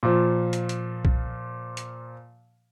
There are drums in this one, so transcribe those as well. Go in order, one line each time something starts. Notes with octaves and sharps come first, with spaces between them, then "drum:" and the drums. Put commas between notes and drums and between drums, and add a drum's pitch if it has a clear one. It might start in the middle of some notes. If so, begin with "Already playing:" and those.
A#2 F3
drum: hi-hat
drum: hi-hat
drum: kick B1
drum: hi-hat